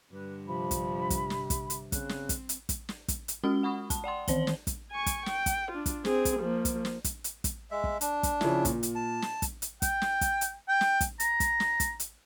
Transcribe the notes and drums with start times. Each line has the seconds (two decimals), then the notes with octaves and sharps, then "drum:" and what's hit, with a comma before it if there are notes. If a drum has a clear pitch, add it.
0.12 G2 D3 B4
0.48 C3 F3 B5
0.71 drum: kick, hi-hat
1.10 drum: kick, hi-hat
1.30 drum: snare
1.50 drum: kick, hi-hat
1.70 drum: hi-hat
1.92 C#3 C4 F#6, drum: kick, hi-hat
2.09 drum: snare
2.29 drum: kick, hi-hat
2.49 drum: hi-hat
2.69 drum: kick, hi-hat
2.89 drum: snare
3.08 drum: kick, hi-hat
3.28 drum: hi-hat
3.44 G#3 C#4 F#4 D#6 F6 G7
3.63 F#5 B5 C#6 D#6
3.90 A5, drum: kick, hi-hat
4.04 D5 F#5 G5 C6
4.28 D#3 E3 C5 F#7 G7, drum: kick, hi-hat
4.47 drum: snare
4.67 drum: kick, hi-hat
4.91 G#5 C#6
5.06 drum: kick, hi-hat
5.26 G5, drum: snare
5.46 drum: kick, hi-hat
5.71 D4 F4
5.86 drum: kick, hi-hat
6.05 C4 G#4, drum: snare
6.25 drum: kick, hi-hat
6.39 F3 A#3
6.65 drum: kick, hi-hat
6.85 drum: snare
7.04 drum: kick, hi-hat
7.24 drum: hi-hat
7.44 drum: kick, hi-hat
7.71 G#3 E5
7.84 drum: kick
8.01 D4, drum: hi-hat
8.23 drum: kick, hi-hat
8.41 C#3 F3 E4, drum: snare
8.65 A#2, drum: kick, hi-hat
8.83 drum: hi-hat
8.95 A5
9.22 drum: snare
9.42 drum: kick, hi-hat
9.62 drum: hi-hat
9.82 G5, drum: kick, hi-hat
10.02 drum: snare
10.21 drum: kick, hi-hat
10.41 drum: hi-hat
10.68 G5
10.81 drum: snare
11.01 drum: kick, hi-hat
11.20 A#5, drum: hi-hat
11.40 drum: kick, hi-hat
11.60 drum: snare
11.80 drum: kick, hi-hat
12.00 drum: hi-hat